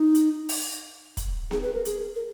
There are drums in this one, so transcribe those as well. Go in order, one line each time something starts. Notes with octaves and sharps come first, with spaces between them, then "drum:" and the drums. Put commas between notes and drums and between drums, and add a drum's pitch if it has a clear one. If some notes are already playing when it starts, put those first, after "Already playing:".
Already playing: D#4
drum: hi-hat
drum: open hi-hat
drum: kick, hi-hat
G#4, drum: snare B3
B4
A#4
G#4, drum: hi-hat
A#4